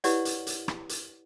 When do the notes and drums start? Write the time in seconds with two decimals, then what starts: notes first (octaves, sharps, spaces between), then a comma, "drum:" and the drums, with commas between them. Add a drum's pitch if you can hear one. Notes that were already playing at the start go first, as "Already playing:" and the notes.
0.04 E4 G4 B4 C#5 D5 F#5, drum: hi-hat
0.25 drum: hi-hat
0.47 drum: hi-hat
0.68 drum: rim click
0.89 drum: hi-hat